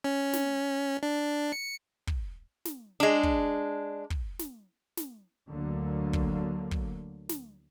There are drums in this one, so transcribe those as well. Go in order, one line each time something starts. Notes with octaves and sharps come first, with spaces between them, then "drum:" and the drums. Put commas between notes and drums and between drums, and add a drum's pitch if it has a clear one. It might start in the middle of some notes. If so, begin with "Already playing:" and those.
C#4
drum: snare
D4
C#7
drum: kick
drum: snare
G#3 D4
drum: kick
drum: kick
drum: snare
drum: snare
D2 D3 F#3 A#3
drum: kick
drum: kick
drum: snare